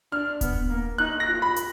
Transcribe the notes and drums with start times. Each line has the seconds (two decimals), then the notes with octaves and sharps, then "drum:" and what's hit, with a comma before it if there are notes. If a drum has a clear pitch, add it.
0.12 D4 F6
0.41 B3, drum: kick D#1, hi-hat
0.70 A#3
0.98 D#4 F#6
1.20 A#6
1.28 F4
1.42 B5
1.56 drum: hi-hat